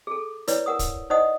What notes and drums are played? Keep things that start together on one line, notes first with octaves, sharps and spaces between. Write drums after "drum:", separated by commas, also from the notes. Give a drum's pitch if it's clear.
G#4 A4
E4 B4 C#5 D5, drum: hi-hat
A#4 F#5 D#6
drum: kick, hi-hat
D#4 C5 D5 D#5 F#5 D#6